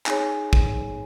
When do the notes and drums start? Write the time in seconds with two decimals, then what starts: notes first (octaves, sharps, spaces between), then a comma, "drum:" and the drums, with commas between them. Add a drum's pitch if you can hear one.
0.06 D#4 G#4 C#5 G#5, drum: clap
0.53 drum: kick